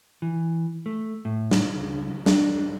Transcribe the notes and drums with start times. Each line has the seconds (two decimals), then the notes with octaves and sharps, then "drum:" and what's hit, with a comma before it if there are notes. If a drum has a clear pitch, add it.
0.22 E3
0.86 A3
1.25 A2
1.51 drum: snare
1.76 C#2
2.26 D4, drum: snare